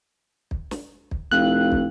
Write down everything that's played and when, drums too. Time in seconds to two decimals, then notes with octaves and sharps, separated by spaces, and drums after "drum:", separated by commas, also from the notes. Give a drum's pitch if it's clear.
0.51 drum: kick
0.71 drum: snare
1.11 drum: kick
1.31 F1 E4 F5 G5 F#6
1.72 drum: kick